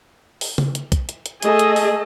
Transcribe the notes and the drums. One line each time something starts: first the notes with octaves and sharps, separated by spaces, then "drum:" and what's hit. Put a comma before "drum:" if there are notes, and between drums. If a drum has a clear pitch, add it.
drum: open hi-hat
drum: tom C#3
drum: hi-hat
drum: kick, hi-hat
drum: hi-hat
drum: hi-hat
A3 G#4 A4 D#5, drum: hi-hat
drum: hi-hat
drum: open hi-hat